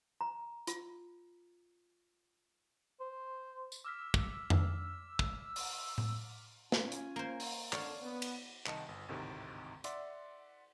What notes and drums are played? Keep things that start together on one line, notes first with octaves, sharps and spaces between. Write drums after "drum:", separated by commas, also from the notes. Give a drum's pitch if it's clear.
A#5
F4, drum: hi-hat
C5
drum: tambourine
D6 E6 F6 B6
drum: kick
drum: tom F2
drum: kick
drum: open hi-hat
drum: tom A2
C#4 F4 G#5, drum: snare
drum: hi-hat
A#3 C5
drum: open hi-hat
F2 D3 C#5 D5 F5 A5, drum: clap
B3
drum: cymbal
C2 D#3 D#5 A5 C#7, drum: clap
G1
G#1 D2 A2 C3 D#3
D5 E5 F#5 C6, drum: hi-hat